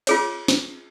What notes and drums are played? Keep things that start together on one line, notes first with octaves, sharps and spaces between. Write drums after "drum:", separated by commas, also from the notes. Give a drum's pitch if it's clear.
F4 G#4 C#5, drum: cymbal
drum: snare